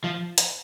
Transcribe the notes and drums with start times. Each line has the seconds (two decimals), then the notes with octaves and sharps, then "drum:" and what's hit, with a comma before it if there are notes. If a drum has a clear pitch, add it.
0.04 F3
0.38 drum: hi-hat